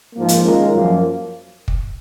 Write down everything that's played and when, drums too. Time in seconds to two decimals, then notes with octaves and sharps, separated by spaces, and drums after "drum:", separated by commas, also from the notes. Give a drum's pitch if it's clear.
0.15 G#2 F3 A#3
0.28 drum: hi-hat
0.44 D#3 G#3 C#4 F4 A#4
0.73 F#2 F3 A#3
1.68 drum: kick